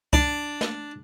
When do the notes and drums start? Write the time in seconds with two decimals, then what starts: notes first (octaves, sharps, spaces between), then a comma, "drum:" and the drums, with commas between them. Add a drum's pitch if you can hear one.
0.13 D4, drum: kick C#2
0.61 drum: snare